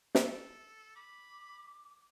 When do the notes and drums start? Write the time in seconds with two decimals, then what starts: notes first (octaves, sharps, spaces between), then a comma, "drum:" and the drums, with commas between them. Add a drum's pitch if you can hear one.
0.15 A4, drum: snare
0.96 B5 D6